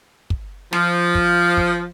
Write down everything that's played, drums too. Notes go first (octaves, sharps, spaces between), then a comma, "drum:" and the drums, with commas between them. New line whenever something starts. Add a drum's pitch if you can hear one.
drum: kick
F3, drum: snare
drum: kick
drum: kick